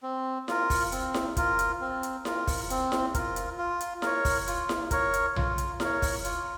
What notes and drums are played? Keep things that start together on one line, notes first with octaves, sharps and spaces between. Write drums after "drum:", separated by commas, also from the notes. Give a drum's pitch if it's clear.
C4
F4 A#4, drum: snare E4
drum: kick, open hi-hat
C4, drum: hi-hat
drum: snare E4
F4 A#4, drum: kick, hi-hat
drum: hi-hat
C4
drum: hi-hat
F4 A#4, drum: snare E4
drum: kick, open hi-hat
C4, drum: hi-hat
drum: snare E4
F4 A#4, drum: kick, hi-hat
drum: hi-hat
F4
drum: hi-hat
A#4 C#5, drum: snare E4
drum: kick, open hi-hat
F4, drum: hi-hat
drum: snare E4
A#4 C#5, drum: kick, hi-hat
drum: hi-hat
F4, drum: tom B1
drum: hi-hat
A#4 C#5, drum: snare E4
drum: kick, open hi-hat
F4, drum: hi-hat